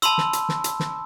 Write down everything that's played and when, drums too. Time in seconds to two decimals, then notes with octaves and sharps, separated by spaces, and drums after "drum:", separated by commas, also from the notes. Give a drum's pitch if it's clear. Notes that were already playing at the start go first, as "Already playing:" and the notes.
0.02 A5 B5 C6 E6, drum: hi-hat
0.18 drum: snare
0.33 drum: hi-hat
0.49 drum: snare
0.64 drum: hi-hat
0.80 drum: snare